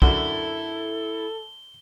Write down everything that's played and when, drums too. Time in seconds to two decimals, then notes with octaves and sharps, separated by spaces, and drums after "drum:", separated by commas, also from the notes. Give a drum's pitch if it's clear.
0.02 F#2 D3 E4 F#4 A4 G7, drum: kick